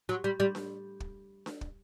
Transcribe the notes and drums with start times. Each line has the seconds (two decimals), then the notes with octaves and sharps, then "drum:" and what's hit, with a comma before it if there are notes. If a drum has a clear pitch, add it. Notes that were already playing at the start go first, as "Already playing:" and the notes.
0.09 F#3
0.24 G3
0.40 G3
0.55 drum: snare D4
1.00 drum: kick
1.46 drum: snare D4
1.61 drum: kick